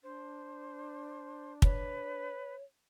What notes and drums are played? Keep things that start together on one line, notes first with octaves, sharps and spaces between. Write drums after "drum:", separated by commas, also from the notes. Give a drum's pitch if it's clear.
D4 C5
B4 C#5, drum: kick